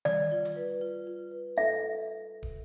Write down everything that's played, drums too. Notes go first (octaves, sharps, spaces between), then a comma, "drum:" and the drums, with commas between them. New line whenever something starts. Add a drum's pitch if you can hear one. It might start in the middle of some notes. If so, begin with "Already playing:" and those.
G3 D5, drum: tom D#3
F4
drum: hi-hat
B4
F4
F4
B4
A4 E5
drum: kick